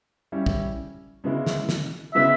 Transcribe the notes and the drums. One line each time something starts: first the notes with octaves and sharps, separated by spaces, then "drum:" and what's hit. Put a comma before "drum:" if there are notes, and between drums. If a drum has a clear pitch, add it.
G3 C#4 E4
drum: kick
C#3 G#3 B3 E4
drum: snare
drum: snare
C#3 G#3 B3 E4 E5